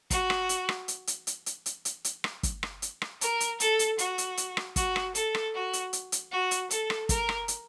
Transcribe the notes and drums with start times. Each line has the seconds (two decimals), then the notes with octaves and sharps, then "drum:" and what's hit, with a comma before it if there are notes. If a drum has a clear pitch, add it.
0.10 F#4, drum: kick, hi-hat
0.30 drum: rim click
0.49 drum: hi-hat
0.69 drum: rim click
0.88 drum: hi-hat
1.07 drum: hi-hat
1.27 drum: hi-hat
1.46 drum: hi-hat
1.66 drum: hi-hat
1.85 drum: hi-hat
2.04 drum: hi-hat
2.24 drum: rim click
2.43 drum: kick, hi-hat
2.63 drum: rim click
2.82 drum: hi-hat
3.02 drum: rim click
3.21 A#4, drum: hi-hat
3.40 drum: hi-hat
3.60 A4, drum: hi-hat
3.79 drum: hi-hat
3.99 F#4, drum: hi-hat
4.18 drum: hi-hat
4.37 drum: hi-hat
4.57 drum: rim click
4.76 F#4, drum: kick, hi-hat
4.96 drum: rim click
5.15 A4, drum: hi-hat
5.35 drum: rim click
5.54 F#4
5.73 drum: hi-hat
5.93 drum: hi-hat
6.12 drum: hi-hat
6.32 F#4
6.51 drum: hi-hat
6.71 A4, drum: hi-hat
6.90 drum: rim click
7.09 A#4, drum: kick, hi-hat
7.29 drum: rim click
7.48 drum: hi-hat